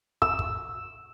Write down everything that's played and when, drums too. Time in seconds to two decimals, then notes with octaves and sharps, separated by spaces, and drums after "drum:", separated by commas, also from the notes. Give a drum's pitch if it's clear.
0.22 E6, drum: kick
0.39 drum: kick